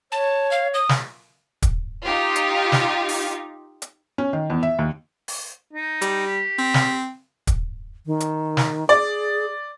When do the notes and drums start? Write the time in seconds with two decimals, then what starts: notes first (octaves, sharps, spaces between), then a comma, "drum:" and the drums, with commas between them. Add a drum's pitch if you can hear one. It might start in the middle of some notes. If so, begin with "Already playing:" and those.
0.12 C#5 A5
0.51 F5
0.74 D#6
0.89 drum: snare
1.62 drum: kick, hi-hat
2.04 D#4 F4 G4
2.36 drum: hi-hat
2.72 drum: snare
3.09 drum: open hi-hat
3.82 drum: hi-hat
4.18 C#4
4.33 D#3
4.50 E2
4.63 E5
4.79 D#2
5.28 drum: open hi-hat
5.73 D#4
6.02 G3, drum: hi-hat
6.26 G4
6.59 C4
6.74 drum: snare
7.47 drum: kick, hi-hat
8.06 D#3
8.20 drum: hi-hat
8.57 drum: snare
8.89 G#4 D5